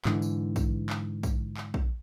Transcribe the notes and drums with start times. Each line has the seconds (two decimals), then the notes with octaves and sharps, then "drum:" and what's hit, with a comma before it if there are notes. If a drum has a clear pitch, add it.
0.05 G#2 D3 E3, drum: clap
0.22 drum: tambourine
0.56 drum: kick, tambourine
0.90 drum: clap
1.23 drum: kick, tambourine
1.57 drum: clap
1.74 drum: kick